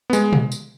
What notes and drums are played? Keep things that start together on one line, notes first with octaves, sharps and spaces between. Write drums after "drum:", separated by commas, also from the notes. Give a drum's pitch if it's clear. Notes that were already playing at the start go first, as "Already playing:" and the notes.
B3
G#3, drum: tambourine
drum: tom A#2
drum: tambourine